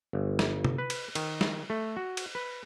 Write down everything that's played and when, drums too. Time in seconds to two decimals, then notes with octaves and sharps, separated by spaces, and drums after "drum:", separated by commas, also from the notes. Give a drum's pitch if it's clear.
0.13 G1
0.39 drum: snare
0.65 drum: tom
0.78 B4
0.90 drum: cymbal
1.15 D#3, drum: cymbal
1.41 drum: snare
1.70 A3
1.97 F#4
2.17 drum: cymbal
2.35 B4